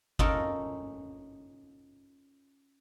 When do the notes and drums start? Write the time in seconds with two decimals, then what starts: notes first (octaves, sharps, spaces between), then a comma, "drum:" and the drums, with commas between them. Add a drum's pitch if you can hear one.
0.19 C#4 D#4 F4 A4 A#4, drum: kick G1